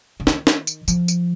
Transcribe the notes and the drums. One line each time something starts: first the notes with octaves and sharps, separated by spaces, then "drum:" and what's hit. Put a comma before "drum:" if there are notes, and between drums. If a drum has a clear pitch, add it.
D3
D#3, drum: snare
drum: snare
drum: tambourine
F3, drum: tambourine
drum: tambourine